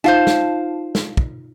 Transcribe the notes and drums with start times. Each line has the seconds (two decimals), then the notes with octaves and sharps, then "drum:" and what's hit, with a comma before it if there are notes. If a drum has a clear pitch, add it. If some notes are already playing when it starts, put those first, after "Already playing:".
0.04 D#4 F4 C5 F5 A5
0.27 drum: snare
0.95 drum: snare
1.17 drum: kick